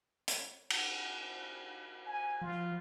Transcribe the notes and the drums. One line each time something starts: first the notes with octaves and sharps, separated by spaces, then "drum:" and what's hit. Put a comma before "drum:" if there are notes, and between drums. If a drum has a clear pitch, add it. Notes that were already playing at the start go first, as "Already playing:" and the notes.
drum: hi-hat
drum: cymbal
G#5
F3 F4